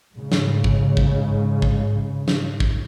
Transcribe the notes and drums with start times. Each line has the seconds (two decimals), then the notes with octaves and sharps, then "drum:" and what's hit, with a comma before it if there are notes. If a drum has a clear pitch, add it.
0.15 G#2 C#3
0.32 drum: snare
0.64 drum: kick
0.97 drum: kick
1.62 drum: kick
2.28 drum: snare
2.60 drum: kick